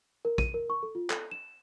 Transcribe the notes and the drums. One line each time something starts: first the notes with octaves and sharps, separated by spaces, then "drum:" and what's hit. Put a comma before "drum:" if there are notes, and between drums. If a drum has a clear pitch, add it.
A#4
D#7, drum: kick
A#4
C#6
A4
F4
A4, drum: clap
E7